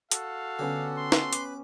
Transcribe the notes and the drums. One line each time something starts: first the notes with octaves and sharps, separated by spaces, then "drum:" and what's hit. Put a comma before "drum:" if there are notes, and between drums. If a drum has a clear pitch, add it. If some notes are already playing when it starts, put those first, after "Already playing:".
F#4 A4 F5, drum: hi-hat
D3 B3 C#4 G4
C6
drum: snare
B4 D6, drum: hi-hat